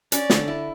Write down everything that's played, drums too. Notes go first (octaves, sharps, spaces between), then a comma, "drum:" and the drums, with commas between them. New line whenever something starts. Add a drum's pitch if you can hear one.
C#4 D5, drum: hi-hat
D3, drum: snare
E4